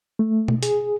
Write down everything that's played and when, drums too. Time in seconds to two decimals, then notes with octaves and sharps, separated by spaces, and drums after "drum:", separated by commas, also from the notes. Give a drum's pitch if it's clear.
0.19 A3
0.48 drum: tom B2
0.63 G#4, drum: hi-hat